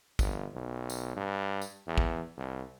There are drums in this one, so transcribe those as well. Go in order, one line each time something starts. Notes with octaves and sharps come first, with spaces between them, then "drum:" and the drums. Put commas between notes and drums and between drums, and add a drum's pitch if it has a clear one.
G1, drum: kick, tambourine
B1
drum: tambourine
G2
drum: tambourine
E2
drum: kick
C2